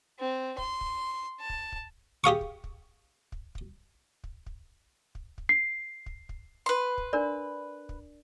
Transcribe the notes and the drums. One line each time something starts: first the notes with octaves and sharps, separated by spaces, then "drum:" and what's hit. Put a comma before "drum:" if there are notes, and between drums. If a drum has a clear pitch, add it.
C4
C6, drum: kick
drum: kick
A5
drum: kick
drum: kick
G4 G#4 F5 C#6
drum: kick
drum: kick
drum: kick
drum: kick
drum: kick
drum: kick
drum: kick
drum: kick
C7
drum: kick
drum: kick
B4 C6
drum: kick
D4 A#4 D5
drum: kick